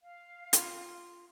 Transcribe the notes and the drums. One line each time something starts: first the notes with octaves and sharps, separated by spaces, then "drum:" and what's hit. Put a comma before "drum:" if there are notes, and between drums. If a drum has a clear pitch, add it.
F5
F4, drum: hi-hat